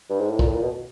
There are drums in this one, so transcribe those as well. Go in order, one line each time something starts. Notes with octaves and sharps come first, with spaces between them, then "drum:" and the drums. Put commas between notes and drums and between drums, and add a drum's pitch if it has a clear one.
G2
G#2
A2
A#2, drum: kick
A2
A#2
B2